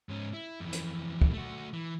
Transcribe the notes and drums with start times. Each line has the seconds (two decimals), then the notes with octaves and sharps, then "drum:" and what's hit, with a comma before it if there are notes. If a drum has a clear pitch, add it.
0.09 G#2 C#4
0.33 E4
0.60 F2 E3
0.73 drum: hi-hat
1.21 drum: kick
1.33 A3 F#4
1.74 E3